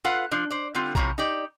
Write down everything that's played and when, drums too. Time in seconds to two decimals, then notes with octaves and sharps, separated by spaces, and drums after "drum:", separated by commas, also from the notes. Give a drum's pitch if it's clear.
0.04 F4 A4 B4 F5 F#5
0.31 F3 D4
0.50 C5 D5
0.75 D3 G3 C4 F4
0.95 C3 E3 F3 C#5 A#5, drum: kick
1.18 D#4 G4 D5